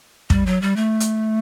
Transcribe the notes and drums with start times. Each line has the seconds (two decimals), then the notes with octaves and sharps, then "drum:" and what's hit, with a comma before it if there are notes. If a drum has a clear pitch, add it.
0.30 G3, drum: kick
0.46 F#3
0.62 G3
0.76 A3
1.00 drum: hi-hat